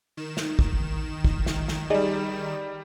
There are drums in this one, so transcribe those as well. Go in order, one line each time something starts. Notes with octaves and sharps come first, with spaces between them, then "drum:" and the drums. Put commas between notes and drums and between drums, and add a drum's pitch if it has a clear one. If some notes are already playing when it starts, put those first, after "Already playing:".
D#3 E7
drum: snare
drum: kick
drum: kick
drum: snare
drum: snare
G3 D#4 G#4 D5